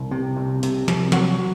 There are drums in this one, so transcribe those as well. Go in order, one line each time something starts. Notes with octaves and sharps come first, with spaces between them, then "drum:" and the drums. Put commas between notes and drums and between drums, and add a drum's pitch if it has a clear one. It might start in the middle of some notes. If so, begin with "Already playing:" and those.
Already playing: C2
C3
C2
C3, drum: hi-hat
C2, drum: snare
F#3 F#5, drum: snare